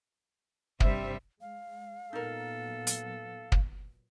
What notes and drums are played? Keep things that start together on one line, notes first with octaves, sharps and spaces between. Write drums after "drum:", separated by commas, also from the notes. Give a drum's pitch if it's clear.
G2 C3 G3 C5 E5, drum: kick
G#3 F5
A#2 F#3 B3 D#4 A4 A#4
drum: hi-hat
drum: kick